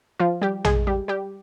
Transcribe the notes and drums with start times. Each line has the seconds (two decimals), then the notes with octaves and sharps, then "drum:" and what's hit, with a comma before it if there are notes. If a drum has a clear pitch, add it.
0.19 F3 F4
0.42 G3 G4
0.65 G#3 G#4, drum: tom A#1
0.87 G3 G4
1.08 G3 G4